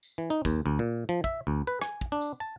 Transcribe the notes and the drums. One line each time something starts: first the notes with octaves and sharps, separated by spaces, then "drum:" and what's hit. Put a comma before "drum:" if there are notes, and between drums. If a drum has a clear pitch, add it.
drum: tambourine
E3
D#4
D#2, drum: kick, tambourine
D2
A#2
F3
E5, drum: kick
D2
B4
G#5, drum: rim click
drum: kick
D4
drum: tambourine
A5